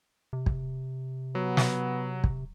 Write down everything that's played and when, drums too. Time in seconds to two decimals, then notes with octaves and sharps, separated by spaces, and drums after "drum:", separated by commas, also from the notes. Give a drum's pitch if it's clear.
0.33 C3
0.46 drum: kick
1.35 F#3 B3
1.57 drum: snare
2.24 drum: kick